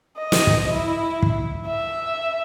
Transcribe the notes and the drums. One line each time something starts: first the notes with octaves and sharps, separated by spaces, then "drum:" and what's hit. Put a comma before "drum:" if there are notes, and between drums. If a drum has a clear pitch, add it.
D#5
drum: snare
drum: kick
E4
drum: kick
E5